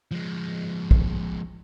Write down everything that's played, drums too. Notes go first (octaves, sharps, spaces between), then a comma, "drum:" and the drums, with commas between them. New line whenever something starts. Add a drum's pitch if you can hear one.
F3 G#3
drum: kick